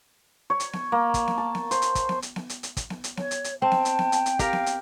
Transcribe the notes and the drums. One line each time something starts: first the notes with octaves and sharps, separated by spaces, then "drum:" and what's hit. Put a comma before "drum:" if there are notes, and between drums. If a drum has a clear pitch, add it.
C#5
drum: hi-hat
drum: snare B3
A#3
drum: kick, hi-hat
drum: snare B3
A5
drum: snare B3
C5, drum: hi-hat
drum: hi-hat
drum: kick, hi-hat
drum: snare B3
drum: hi-hat
drum: snare B3
drum: hi-hat
drum: hi-hat
drum: kick, hi-hat
drum: snare B3
drum: hi-hat
C#5, drum: snare B3
drum: hi-hat
drum: hi-hat
C4 G5 A5
drum: snare B3
drum: hi-hat
drum: snare B3
drum: hi-hat
drum: hi-hat
G4 A#4 F5, drum: kick, hi-hat
drum: snare B3
drum: hi-hat